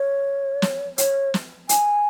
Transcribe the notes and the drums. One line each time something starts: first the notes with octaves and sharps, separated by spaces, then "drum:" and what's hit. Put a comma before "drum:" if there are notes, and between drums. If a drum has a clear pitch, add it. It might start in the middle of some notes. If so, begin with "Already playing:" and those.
Already playing: C#5
drum: snare
C#5, drum: hi-hat
drum: snare
G#5, drum: hi-hat